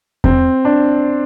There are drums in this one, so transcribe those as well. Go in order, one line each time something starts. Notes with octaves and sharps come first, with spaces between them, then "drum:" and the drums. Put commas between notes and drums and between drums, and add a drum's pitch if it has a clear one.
C4, drum: kick E2
D4